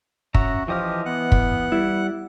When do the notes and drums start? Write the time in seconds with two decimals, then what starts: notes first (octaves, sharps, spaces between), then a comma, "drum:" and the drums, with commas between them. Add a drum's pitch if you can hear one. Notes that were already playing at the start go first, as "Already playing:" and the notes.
0.34 C#4 F#4 E5 A#5, drum: kick
0.68 E3 F3 G4 D#5 F6
1.06 B3 F#5
1.32 drum: kick
1.72 G3 E4